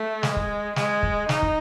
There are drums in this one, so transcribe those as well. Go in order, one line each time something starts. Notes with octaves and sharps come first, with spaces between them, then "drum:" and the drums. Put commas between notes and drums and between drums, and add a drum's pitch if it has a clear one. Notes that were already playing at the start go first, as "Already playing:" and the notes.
Already playing: A3
G#3, drum: snare
drum: kick
G#3, drum: snare
drum: kick
D#4, drum: snare
drum: kick